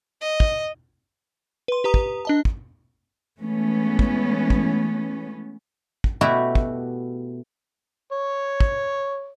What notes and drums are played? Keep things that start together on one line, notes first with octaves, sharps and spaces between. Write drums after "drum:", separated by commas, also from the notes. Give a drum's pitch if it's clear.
D#5
drum: kick
B4 C6
G4 B4 A#5 D#6
drum: kick
D4 D#5 A5
drum: kick
E3 G#3 A3 B3 C#4
drum: kick
drum: kick
drum: kick
B2 A3 E4 F#4 G4
drum: kick
C#5
drum: kick